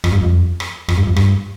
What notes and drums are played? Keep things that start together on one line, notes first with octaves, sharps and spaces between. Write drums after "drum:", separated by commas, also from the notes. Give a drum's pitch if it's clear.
F2, drum: rim click
G2
F2
drum: rim click
F2, drum: rim click
G2
F2
G2, drum: rim click